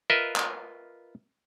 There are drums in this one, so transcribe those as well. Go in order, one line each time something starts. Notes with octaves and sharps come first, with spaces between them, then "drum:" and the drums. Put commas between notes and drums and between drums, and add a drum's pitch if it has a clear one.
F4 A#4 B4 D#5 E5
drum: clap